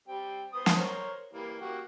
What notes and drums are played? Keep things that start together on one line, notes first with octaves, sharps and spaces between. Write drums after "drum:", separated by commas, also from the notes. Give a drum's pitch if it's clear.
G3 C4 G5
B3 C5 D#6
drum: snare
A#4 C5 C#5
E3 G3 A#3
A#3 F#4 G4